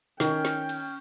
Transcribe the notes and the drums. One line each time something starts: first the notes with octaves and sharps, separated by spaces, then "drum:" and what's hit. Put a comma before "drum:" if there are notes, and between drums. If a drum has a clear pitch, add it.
D#3 C#4 G5, drum: snare
drum: snare
drum: cymbal